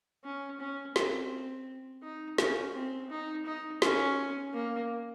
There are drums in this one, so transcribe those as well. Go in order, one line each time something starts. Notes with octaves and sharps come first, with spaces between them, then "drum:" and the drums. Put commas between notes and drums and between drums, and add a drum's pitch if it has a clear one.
C#4
C#4
C4, drum: snare
D#4
C#4, drum: snare
C4
D#4
D#4
C#4, drum: snare
A#3